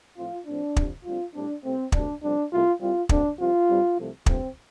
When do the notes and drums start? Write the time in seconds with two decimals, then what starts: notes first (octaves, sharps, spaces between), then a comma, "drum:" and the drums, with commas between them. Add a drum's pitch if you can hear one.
0.17 A2 F3 C4 F4
0.46 A2 F3 C4 D4
0.76 C2 C3 F3, drum: kick
1.05 D2 D3 G3 C4 F4
1.34 A2 G3 C4 D4
1.64 C2 C3 A3 C4
1.92 D2 C3 G3 D4, drum: kick
2.22 F2 C3 G3 C4 D4
2.52 C2 C3 A3 F4
2.80 C2 C3 G3 C4 F4
3.09 D2 D3 A3 C4 D4, drum: kick
3.39 C2 C3 F3 C4 F4
3.68 G2 G3 C4
3.97 C2 C3 F3 A3
4.26 G2 D3 F3 A3 C4, drum: kick